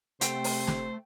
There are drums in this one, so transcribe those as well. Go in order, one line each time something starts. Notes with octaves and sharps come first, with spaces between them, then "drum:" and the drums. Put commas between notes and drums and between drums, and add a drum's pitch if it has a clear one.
C3 A3 C5 G5, drum: hi-hat
drum: open hi-hat
drum: snare